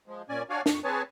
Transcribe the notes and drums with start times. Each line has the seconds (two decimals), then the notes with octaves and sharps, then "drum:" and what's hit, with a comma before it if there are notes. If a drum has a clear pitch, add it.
0.07 F3 G#3
0.29 A#2 C#4 D5 G#5
0.50 D4 F#4 C#5 D5 F5 G#5
0.66 F2 C#6, drum: snare D4
0.84 C4 G#4 B4 C#5 G#5 A5